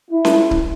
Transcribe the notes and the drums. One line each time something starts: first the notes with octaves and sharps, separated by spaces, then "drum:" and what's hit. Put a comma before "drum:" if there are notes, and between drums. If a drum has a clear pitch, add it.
E4
drum: snare C#4
drum: kick C#1